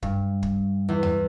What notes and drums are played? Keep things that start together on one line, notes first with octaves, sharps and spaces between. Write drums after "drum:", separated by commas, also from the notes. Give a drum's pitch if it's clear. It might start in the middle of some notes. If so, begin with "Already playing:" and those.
G2, drum: kick
drum: kick
E2
drum: tom D#2